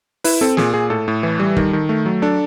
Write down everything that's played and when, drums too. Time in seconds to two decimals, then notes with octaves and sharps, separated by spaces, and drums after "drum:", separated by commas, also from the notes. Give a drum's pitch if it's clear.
0.24 E4 B4, drum: open hi-hat
0.41 C4 A4
0.57 A#2 G#4, drum: snare
0.74 A#2 G#4
0.90 A2 A4
1.08 A2
1.23 E3
1.39 G3
1.57 D#3, drum: kick
1.73 D#3
1.89 A3
2.06 F#3
2.22 D4 A4